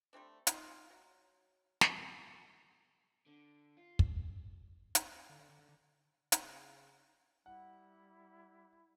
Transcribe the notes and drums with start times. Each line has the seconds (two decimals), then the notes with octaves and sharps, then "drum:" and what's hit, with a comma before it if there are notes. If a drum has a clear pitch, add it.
0.13 G3 A3 C4 D4
0.47 D#4 F4, drum: hi-hat
0.90 F#3
1.81 drum: snare
3.26 D3
3.77 F4
3.99 drum: kick
4.95 drum: hi-hat
5.30 D3
6.32 C#3, drum: hi-hat
7.46 G3 E4 F#5